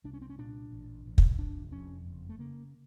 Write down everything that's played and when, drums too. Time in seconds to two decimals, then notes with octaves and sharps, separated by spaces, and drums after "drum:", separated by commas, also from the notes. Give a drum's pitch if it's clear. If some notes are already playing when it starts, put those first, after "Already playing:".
0.04 C2 D4
0.14 C#4
0.22 C4
0.30 C#4
0.38 A#2 D4
0.71 A1
1.06 A1
1.18 drum: kick
1.39 F1 D4
1.72 F2 C#4
2.05 F#1
2.29 A3
2.39 C#3 A#3